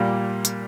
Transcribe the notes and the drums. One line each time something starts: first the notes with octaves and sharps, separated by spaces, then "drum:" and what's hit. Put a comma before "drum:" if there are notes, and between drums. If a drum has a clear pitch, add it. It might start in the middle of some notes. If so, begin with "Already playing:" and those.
Already playing: A#2 G3 A#3
drum: hi-hat